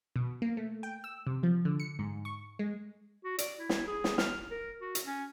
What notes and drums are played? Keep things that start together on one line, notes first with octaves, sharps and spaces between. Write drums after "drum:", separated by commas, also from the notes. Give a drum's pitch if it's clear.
B2
A#3
A3
G5
E6
C3
F3
D3
C#7
G#2
C#6
G#3
F#4
D5, drum: hi-hat
E4
drum: snare
G#4
drum: snare
F6, drum: snare
A#4
F#4
drum: hi-hat
C#4